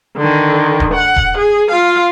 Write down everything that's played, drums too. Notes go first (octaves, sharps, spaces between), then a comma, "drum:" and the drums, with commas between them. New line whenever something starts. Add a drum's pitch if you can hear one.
D3 D#3
drum: kick D#1
F#5
drum: kick D#1
G#4
F4 F5